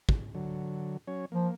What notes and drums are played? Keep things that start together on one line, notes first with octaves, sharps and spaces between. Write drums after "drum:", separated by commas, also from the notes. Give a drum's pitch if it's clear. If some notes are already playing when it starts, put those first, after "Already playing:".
drum: kick
D3 F#3
F#3 C#4 C#5
F3 A#3